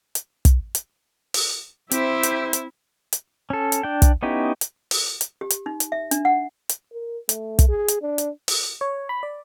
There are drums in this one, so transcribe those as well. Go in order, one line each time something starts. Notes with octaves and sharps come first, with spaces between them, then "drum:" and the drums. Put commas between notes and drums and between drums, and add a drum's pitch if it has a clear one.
drum: hi-hat
drum: kick, hi-hat
drum: hi-hat
drum: open hi-hat
C4 E4 G4 C5 E5, drum: hi-hat
drum: hi-hat
drum: hi-hat
drum: hi-hat
C#4 A4
drum: hi-hat
D4 G5
drum: kick, hi-hat
B3 C#4 D#4 E4 G4
drum: hi-hat
drum: open hi-hat
drum: hi-hat
G4
drum: hi-hat
D#4
drum: hi-hat
E5
D4, drum: hi-hat
F#5
drum: hi-hat
A#4
A3, drum: hi-hat
drum: kick, hi-hat
G#4
drum: hi-hat
D4
drum: hi-hat
drum: open hi-hat
C#5
B5
D5